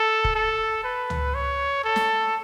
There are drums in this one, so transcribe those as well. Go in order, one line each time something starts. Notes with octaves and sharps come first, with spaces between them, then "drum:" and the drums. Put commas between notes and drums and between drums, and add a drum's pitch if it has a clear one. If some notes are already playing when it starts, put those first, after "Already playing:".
Already playing: A4
drum: kick
A4
B4
drum: tom C#2
C#5
A4
drum: snare